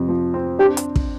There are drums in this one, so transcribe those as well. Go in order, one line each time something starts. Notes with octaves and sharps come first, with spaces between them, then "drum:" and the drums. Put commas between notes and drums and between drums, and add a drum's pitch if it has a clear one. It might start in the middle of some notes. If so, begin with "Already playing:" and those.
Already playing: F2 C3
F3
C4
D4 G4
drum: hi-hat
drum: kick